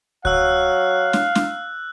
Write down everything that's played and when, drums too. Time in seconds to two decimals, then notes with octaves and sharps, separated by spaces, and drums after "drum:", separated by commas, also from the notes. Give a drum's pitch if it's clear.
0.25 F#3 F5 E6 F#6, drum: kick C#2
1.13 drum: snare
1.35 drum: snare